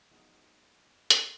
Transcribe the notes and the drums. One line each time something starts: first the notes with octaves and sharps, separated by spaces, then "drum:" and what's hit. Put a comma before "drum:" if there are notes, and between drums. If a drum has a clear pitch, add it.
F3 F#3 G#3 B3 D#4 G#4
drum: hi-hat